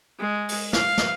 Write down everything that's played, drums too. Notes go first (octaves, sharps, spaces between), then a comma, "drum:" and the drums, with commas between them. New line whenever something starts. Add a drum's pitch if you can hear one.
G#3
drum: open hi-hat
F5, drum: snare
drum: snare